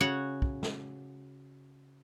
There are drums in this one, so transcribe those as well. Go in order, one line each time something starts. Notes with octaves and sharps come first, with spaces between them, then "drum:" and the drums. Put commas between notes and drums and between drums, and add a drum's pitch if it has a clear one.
C#3 F#4 C#5 F#5
drum: kick
drum: snare